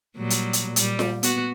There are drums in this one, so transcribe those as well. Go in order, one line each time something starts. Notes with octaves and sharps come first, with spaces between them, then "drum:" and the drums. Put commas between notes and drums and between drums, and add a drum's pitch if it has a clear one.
A#2 F#3 G3
drum: hi-hat
drum: hi-hat
A#2 G3, drum: hi-hat
drum: snare F4
B3 F#4, drum: hi-hat